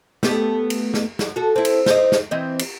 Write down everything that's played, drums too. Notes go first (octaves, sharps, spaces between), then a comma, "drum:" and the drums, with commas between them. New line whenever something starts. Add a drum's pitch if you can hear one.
A3 B3 G4, drum: snare
drum: cymbal
drum: snare
F#2, drum: snare
F#4 A4
C4 E4
drum: cymbal
D#4 C5, drum: snare
drum: snare
E3 C4 D#5
drum: cymbal